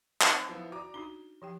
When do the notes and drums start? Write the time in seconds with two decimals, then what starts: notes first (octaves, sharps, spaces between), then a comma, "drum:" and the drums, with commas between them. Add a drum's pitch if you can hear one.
0.21 C4 D#4, drum: clap
0.49 F3 B3 E4
0.72 F#4 D5 A#5 D6
0.94 D4 D#4 F#4 G7
1.42 F3 G4 G5